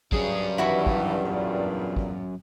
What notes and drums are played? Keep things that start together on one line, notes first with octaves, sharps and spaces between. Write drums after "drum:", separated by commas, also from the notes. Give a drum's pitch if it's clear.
D2 G2 C#3 F#3 C#4 G#4, drum: kick
D#3 E3 E4 F#4 B5
drum: kick
E2 A#2
drum: kick